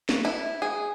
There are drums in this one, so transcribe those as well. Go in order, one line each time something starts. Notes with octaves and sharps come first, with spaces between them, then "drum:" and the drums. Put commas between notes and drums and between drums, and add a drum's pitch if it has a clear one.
drum: snare
E4
G#4